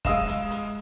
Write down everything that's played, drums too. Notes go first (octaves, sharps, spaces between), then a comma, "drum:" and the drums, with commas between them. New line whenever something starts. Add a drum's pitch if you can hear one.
G#3 D#5 F5 D#6 E6 E7, drum: kick, hi-hat
drum: hi-hat
drum: hi-hat